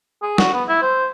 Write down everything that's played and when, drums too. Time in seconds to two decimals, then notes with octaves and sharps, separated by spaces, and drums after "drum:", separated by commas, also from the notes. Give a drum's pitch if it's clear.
0.22 G#4
0.38 F#4, drum: snare
0.54 B3
0.68 E4
0.82 C5